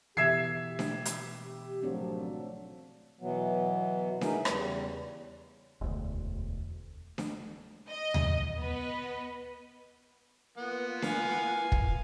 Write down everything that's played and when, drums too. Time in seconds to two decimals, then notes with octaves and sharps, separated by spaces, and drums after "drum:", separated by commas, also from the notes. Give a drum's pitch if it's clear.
0.17 B2 E3 G4 E5 G#6 C7
0.79 drum: snare D4
1.05 drum: hi-hat
1.82 G#1 F3 F#3 A3 C4 D4
3.20 B2 E3 F#3 B3
4.21 D#4 E4 G#4 A#4 B4, drum: snare D4
4.45 E2 C#3 G3, drum: rim click
5.81 E1 D2
7.18 drum: snare D4
7.88 D#5
8.14 drum: tom D2
8.61 B3 B4 D#5
10.57 A#3 B3 F4 F#5
11.02 F5 G#5, drum: snare D4
11.72 drum: kick